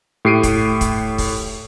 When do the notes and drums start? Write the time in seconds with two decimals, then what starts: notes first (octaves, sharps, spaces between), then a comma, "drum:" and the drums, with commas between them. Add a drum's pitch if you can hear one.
0.25 A2 G4 C7 D7 D#7
0.43 drum: kick, hi-hat
0.81 drum: kick, hi-hat
1.18 drum: kick, open hi-hat